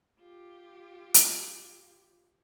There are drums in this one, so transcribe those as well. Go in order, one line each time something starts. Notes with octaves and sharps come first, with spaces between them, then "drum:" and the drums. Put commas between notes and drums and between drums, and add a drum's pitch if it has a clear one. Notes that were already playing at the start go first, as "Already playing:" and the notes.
F4 G4
drum: hi-hat